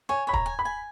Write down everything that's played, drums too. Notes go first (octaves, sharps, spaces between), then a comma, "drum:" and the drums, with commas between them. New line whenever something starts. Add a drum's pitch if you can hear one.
C#5 G#5
C#5 B5
A#5, drum: kick
G#5
B5
G#5